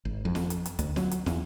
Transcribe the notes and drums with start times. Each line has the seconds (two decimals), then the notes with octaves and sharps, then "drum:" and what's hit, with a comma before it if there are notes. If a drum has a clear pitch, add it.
0.05 G#1
0.25 F2
0.35 drum: snare
0.50 drum: hi-hat
0.66 drum: hi-hat
0.79 D2, drum: hi-hat
0.96 F#3, drum: snare
1.11 drum: hi-hat
1.26 E2, drum: snare